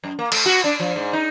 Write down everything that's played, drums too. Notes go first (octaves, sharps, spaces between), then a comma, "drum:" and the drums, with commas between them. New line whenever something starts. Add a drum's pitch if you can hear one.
F#2
A#3
A3, drum: cymbal
F#4
D4
F3
G#2
D#4